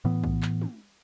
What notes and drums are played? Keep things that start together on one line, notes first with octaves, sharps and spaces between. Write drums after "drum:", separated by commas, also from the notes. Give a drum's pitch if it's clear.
A2 E3 B3
drum: kick A#1
drum: clap
drum: tom